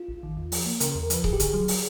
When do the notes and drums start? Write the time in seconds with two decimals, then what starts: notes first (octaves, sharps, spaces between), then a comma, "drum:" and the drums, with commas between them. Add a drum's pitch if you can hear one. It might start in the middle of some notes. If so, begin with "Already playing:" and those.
Already playing: F4
0.09 A1
0.23 D#3
0.37 E2
0.52 F3, drum: open hi-hat
0.66 A#3
0.80 C#3 A#4, drum: hi-hat
0.92 A#4
0.95 E2
1.03 A#4
1.10 F3 B4, drum: hi-hat
1.24 G#1 G#4, drum: kick C#1
1.33 G4
1.40 D3 G#4, drum: hi-hat
1.54 F#3
1.68 drum: open hi-hat